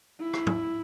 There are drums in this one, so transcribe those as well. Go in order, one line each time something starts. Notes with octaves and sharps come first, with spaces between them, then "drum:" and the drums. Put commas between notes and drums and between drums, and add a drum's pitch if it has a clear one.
E4
drum: rim click
drum: tom